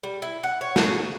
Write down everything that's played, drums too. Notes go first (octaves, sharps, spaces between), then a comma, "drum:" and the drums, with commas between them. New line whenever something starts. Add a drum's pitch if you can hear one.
G3
E4
F#5
C#5
G#4, drum: snare